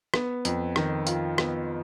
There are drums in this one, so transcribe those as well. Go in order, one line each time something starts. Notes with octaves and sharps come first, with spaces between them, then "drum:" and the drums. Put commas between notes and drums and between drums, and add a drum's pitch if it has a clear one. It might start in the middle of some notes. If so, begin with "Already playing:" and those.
B3, drum: rim click
F2, drum: hi-hat
D#3, drum: rim click
F4, drum: hi-hat
B3, drum: rim click